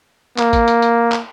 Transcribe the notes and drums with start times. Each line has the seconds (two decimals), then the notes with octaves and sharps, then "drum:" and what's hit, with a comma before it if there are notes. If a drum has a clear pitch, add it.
0.38 A#3, drum: clap
0.53 drum: kick A1, hi-hat
0.68 drum: hi-hat
0.82 drum: hi-hat
1.12 drum: clap